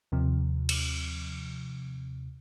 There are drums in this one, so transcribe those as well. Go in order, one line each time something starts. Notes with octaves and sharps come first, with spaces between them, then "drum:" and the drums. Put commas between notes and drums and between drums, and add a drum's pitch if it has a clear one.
D#2 C3 F3
drum: cymbal